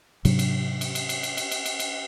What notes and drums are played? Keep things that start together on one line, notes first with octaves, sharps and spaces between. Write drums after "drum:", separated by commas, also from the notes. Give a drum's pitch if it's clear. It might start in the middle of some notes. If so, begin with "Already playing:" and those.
G#2 C3 F#3 D4, drum: cymbal
drum: cymbal
drum: cymbal
drum: cymbal
drum: cymbal
drum: cymbal
drum: cymbal
drum: cymbal
drum: cymbal
drum: cymbal